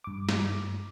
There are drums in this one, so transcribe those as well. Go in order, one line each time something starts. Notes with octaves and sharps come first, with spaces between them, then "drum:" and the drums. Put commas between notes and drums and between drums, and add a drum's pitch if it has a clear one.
G2 D6
drum: snare